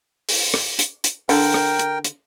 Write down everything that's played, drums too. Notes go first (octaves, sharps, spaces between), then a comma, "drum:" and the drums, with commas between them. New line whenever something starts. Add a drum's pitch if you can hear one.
drum: open hi-hat
drum: rim click
drum: hi-hat
drum: hi-hat
D3 A#4 G5, drum: open hi-hat
drum: rim click
drum: hi-hat
drum: hi-hat